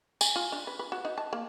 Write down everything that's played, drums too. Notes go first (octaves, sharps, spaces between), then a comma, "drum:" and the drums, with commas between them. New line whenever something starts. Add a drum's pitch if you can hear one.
G#5, drum: tambourine
F4
D4
B4
B4
F#4
D#4
A5
A#3